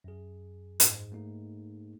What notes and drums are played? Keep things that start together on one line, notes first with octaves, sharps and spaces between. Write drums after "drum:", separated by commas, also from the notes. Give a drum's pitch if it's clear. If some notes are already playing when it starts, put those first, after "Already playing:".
F#2 G#4
G#2, drum: hi-hat
A3 A#3 D#4